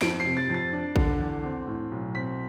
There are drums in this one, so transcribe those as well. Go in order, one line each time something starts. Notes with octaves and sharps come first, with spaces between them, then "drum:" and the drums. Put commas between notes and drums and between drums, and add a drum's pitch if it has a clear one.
F2 D7, drum: snare
C3 C7
A6
F2
A6
D4
D3, drum: kick
E2
C4
A2
B1
C4 B6